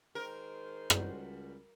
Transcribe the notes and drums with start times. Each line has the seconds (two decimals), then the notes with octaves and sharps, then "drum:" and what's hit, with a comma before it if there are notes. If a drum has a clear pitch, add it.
0.15 D#3 G#3 A#4 C5
0.90 C#2 G3 F#4, drum: rim click